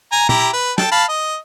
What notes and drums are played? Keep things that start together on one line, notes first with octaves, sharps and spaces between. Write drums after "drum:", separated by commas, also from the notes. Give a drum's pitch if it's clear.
G#5 A#5
E4 G4 A#5, drum: tom
B4
A4 G5 A5, drum: snare
F5 A5 B5
D#5